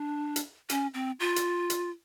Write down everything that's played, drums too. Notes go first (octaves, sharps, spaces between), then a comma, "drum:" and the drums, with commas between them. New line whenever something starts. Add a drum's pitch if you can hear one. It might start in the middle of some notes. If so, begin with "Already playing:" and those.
Already playing: D4
drum: hi-hat
C#4, drum: hi-hat
C4
F4
drum: hi-hat
drum: hi-hat